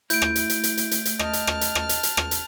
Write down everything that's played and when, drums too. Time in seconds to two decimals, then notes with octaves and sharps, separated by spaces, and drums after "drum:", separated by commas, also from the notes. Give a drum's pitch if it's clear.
0.10 A3 E4 G6 D7, drum: hi-hat
0.22 drum: rim click
0.36 drum: hi-hat
0.50 drum: hi-hat
0.63 drum: hi-hat
0.77 drum: hi-hat
0.91 drum: hi-hat
1.05 drum: hi-hat
1.19 D#5 A5 F6, drum: rim click
1.33 drum: hi-hat
1.47 drum: rim click
1.61 drum: hi-hat
1.75 drum: rim click
1.89 drum: hi-hat
2.03 drum: hi-hat
2.17 drum: rim click
2.31 drum: hi-hat